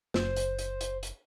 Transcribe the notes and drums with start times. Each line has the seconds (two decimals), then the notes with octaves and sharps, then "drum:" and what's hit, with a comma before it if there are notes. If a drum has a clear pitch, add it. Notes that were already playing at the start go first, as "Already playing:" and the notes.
0.14 F#1 C5, drum: snare
0.36 drum: hi-hat
0.59 drum: hi-hat
0.81 drum: hi-hat
1.03 drum: hi-hat